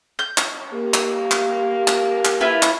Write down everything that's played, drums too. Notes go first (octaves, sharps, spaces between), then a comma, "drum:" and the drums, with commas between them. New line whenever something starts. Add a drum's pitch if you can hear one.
G6
drum: clap
A#3 G4
drum: clap
drum: clap
drum: clap
drum: clap
E4 F4 B4
drum: clap